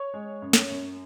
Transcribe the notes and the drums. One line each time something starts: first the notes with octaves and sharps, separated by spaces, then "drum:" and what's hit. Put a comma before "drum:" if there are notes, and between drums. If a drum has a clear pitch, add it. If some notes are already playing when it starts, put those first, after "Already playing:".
Already playing: C#5 C#6
G#3
F#2
drum: snare
F#2